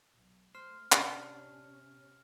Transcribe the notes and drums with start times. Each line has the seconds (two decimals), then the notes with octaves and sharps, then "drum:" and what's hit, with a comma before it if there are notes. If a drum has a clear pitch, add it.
0.16 B1
0.55 A3 C5 F6
0.92 C3 C#4 D4, drum: clap